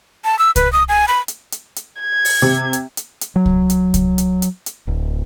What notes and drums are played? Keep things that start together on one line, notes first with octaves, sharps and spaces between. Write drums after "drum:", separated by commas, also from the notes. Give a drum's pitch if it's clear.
A5
E6
B4, drum: kick C2, hi-hat
D#6
G#5
B5
drum: hi-hat
drum: hi-hat
drum: hi-hat
G#6
drum: open hi-hat
C3
drum: hi-hat
drum: hi-hat
drum: hi-hat
F#3
drum: kick C2
drum: hi-hat
drum: kick C2, hi-hat
drum: hi-hat
drum: hi-hat
drum: hi-hat
D1